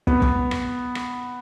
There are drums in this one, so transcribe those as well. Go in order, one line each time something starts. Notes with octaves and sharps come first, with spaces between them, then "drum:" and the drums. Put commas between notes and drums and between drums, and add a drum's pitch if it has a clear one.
B3, drum: kick
drum: kick
drum: rim click
drum: rim click